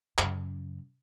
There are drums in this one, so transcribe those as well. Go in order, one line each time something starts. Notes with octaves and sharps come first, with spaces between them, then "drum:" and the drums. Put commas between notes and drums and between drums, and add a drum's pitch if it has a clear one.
F#2 C#3, drum: clap